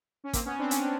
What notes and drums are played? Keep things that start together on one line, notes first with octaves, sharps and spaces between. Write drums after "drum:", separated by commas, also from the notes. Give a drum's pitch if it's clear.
C#4
A#3 C4, drum: kick, hi-hat
B3 C#4
C4 D4
C#4, drum: hi-hat
D4